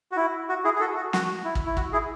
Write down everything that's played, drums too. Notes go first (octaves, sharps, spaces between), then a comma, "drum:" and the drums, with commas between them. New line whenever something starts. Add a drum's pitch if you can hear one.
F#4
E4
F#4
E4 G#4
G#4
F#4 A4
F#4
F#4, drum: snare
E4
drum: kick
E4
F#4, drum: kick
E4 G#4